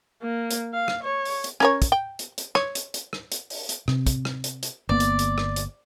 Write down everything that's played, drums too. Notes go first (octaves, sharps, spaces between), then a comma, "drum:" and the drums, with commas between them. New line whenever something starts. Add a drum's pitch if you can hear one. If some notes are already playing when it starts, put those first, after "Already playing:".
A#3
drum: hi-hat
F5
drum: rim click
C#5
drum: open hi-hat
drum: hi-hat
C#4 A#4 C#5, drum: rim click
drum: kick, hi-hat
G5
drum: hi-hat
drum: hi-hat
C#5, drum: rim click
drum: hi-hat
drum: hi-hat
drum: rim click
drum: hi-hat
drum: open hi-hat
drum: hi-hat
C3, drum: rim click
drum: kick, hi-hat
drum: rim click
drum: hi-hat
drum: hi-hat
G1 A#3 B3 D5
drum: hi-hat
drum: hi-hat
drum: rim click
drum: hi-hat